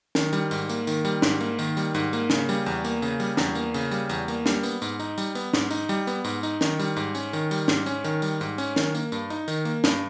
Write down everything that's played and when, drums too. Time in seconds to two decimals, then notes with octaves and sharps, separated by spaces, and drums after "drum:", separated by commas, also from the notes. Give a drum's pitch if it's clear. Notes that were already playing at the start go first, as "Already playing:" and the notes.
0.15 D#3, drum: snare
0.33 G3, drum: tambourine
0.51 G#2, drum: tambourine
0.69 A#3, drum: tambourine
0.87 D#3, drum: tambourine
1.05 G3, drum: tambourine
1.22 G#2, drum: snare
1.41 A#3, drum: tambourine
1.59 D#3, drum: tambourine
1.77 G3, drum: tambourine
1.95 G#2, drum: tambourine
2.13 A#3, drum: tambourine
2.30 C#3, drum: snare
2.49 G3, drum: tambourine
2.66 E2, drum: tambourine
2.85 A#3, drum: tambourine
3.02 C#3, drum: tambourine
3.20 G3, drum: tambourine
3.37 E2, drum: snare
3.55 A#3, drum: tambourine
3.74 C#3, drum: tambourine
3.91 G3, drum: tambourine
4.09 E2, drum: tambourine
4.28 A#3, drum: tambourine
4.46 G3, drum: snare
4.63 B3, drum: tambourine
4.82 G#2, drum: tambourine
5.00 D#4, drum: tambourine
5.18 G3, drum: tambourine
5.35 B3, drum: tambourine
5.53 G#2, drum: snare
5.71 D#4, drum: tambourine
5.89 G3, drum: tambourine
6.07 B3, drum: tambourine
6.24 G#2, drum: tambourine
6.43 D#4, drum: tambourine
6.61 D#3, drum: snare
6.79 G3, drum: tambourine
6.96 G#2, drum: tambourine
7.15 C#4, drum: tambourine
7.33 D#3, drum: tambourine
7.51 G3, drum: tambourine
7.68 G#2, drum: snare
7.86 C#4, drum: tambourine
8.04 D#3, drum: tambourine
8.22 G3, drum: tambourine
8.41 G#2, drum: tambourine
8.58 C#4, drum: tambourine
8.76 D#3, drum: snare
8.95 A#3, drum: tambourine
9.12 G2, drum: tambourine
9.30 D#4, drum: tambourine
9.48 D#3, drum: tambourine
9.65 A#3, drum: tambourine
9.84 G2, drum: snare